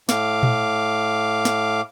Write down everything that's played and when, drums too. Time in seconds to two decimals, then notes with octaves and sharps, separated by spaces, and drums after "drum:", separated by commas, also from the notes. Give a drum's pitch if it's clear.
0.09 A2 F5 D6, drum: snare
0.43 drum: tom A#2
1.45 drum: snare